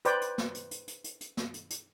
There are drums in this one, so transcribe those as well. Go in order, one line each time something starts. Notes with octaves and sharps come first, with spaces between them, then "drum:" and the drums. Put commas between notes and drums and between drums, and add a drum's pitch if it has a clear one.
B4 C5 D5 G5, drum: hi-hat
drum: hi-hat
drum: snare
drum: hi-hat
drum: hi-hat
drum: hi-hat
drum: hi-hat
drum: hi-hat
drum: snare
drum: hi-hat
drum: hi-hat